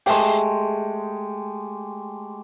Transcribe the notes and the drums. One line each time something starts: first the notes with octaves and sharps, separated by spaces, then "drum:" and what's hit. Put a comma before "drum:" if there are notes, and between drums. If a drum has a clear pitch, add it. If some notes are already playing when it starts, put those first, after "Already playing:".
G#3 A3 G4, drum: open hi-hat